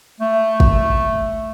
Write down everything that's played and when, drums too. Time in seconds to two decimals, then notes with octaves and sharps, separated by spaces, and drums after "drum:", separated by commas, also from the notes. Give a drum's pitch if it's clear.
0.20 A3
0.60 drum: kick